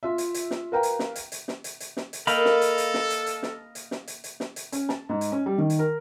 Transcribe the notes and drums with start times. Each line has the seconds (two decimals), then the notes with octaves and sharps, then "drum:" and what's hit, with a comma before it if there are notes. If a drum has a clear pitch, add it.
0.03 F4 E5
0.18 drum: hi-hat
0.34 drum: hi-hat
0.51 drum: snare
0.72 A#4 B4 F5 G5 A#5
0.83 drum: hi-hat
0.99 drum: snare
1.16 drum: hi-hat
1.32 drum: hi-hat
1.48 drum: snare
1.64 drum: hi-hat
1.80 drum: hi-hat
1.97 drum: snare
2.13 drum: hi-hat
2.27 A#3 A4 D#5 F5 G5 B5, drum: hi-hat
2.45 drum: snare
2.62 drum: hi-hat
2.78 drum: hi-hat
2.94 drum: snare
3.10 drum: hi-hat
3.26 drum: hi-hat
3.43 drum: snare
3.75 drum: hi-hat
3.91 drum: snare
4.08 drum: hi-hat
4.24 drum: hi-hat
4.40 drum: snare
4.56 drum: hi-hat
4.72 C#4, drum: hi-hat
4.89 A5, drum: snare
5.09 G#2
5.21 drum: hi-hat
5.32 C#4
5.46 G3
5.58 D#3
5.70 drum: hi-hat
5.79 A#4